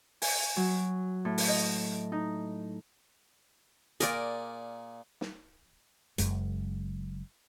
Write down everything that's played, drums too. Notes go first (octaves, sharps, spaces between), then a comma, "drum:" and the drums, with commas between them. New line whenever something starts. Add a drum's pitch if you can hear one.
G#5, drum: open hi-hat
F#3
A2
drum: open hi-hat
D#5
D#4
A#2 G#4 A#4 D5, drum: hi-hat
drum: snare
F#1 F#2 G#3, drum: hi-hat